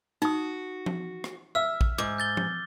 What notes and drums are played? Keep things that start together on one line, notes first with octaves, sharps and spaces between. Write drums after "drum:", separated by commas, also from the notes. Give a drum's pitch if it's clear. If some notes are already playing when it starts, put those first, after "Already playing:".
D#4 F#4 D#6
drum: tom F3
drum: rim click
E5 E6 F6
drum: kick
G#2 D6
G6 A6 G7
drum: tom F3